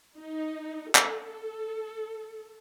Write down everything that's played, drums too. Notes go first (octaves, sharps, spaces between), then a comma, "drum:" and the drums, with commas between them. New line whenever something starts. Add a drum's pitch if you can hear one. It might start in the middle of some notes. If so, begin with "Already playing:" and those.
D#4
A4, drum: clap